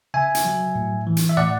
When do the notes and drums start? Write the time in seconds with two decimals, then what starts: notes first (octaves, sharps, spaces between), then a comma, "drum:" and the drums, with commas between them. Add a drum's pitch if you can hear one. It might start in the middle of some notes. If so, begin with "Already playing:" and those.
0.14 C#3 E5 G#5
0.35 drum: hi-hat
0.45 F#3
0.75 A2
1.07 E3
1.17 drum: hi-hat
1.29 E5
1.37 A2 D5 F#5